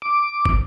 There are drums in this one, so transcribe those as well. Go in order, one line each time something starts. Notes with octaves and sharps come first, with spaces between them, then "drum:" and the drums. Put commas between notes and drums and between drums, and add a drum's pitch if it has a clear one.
D6
drum: kick